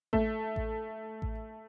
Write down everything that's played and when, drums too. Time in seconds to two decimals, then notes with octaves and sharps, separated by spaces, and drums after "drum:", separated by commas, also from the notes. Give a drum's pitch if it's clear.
0.13 A3, drum: kick A1
0.56 drum: kick A1
1.22 drum: kick A1